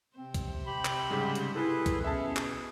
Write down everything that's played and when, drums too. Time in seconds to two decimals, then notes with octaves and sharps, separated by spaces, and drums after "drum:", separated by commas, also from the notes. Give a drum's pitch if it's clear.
0.17 C3 C4 C5
0.34 drum: kick, hi-hat
0.66 G4 B5
0.85 drum: clap
1.10 G#2 C#3 G3
1.35 drum: hi-hat
1.55 E4 G#4 A4 B4
1.86 drum: kick, hi-hat
2.04 B2 B3 C#4 G#4 E5 A5
2.36 drum: clap